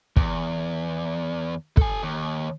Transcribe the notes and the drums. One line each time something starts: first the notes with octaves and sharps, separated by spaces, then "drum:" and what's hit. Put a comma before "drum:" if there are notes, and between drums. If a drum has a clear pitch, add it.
E2, drum: kick
A4 G#5, drum: kick
D#2